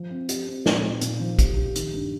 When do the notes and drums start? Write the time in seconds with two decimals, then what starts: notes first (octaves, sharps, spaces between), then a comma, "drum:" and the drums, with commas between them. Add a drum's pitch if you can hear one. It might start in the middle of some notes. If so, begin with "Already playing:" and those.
Already playing: F3
0.10 C4
0.29 G4, drum: hi-hat
0.47 C4
0.66 A#2, drum: snare
0.84 D#4
1.01 A#2, drum: hi-hat
1.20 F3
1.39 G4, drum: kick, hi-hat
1.57 G4
1.75 D#3, drum: hi-hat
1.94 G2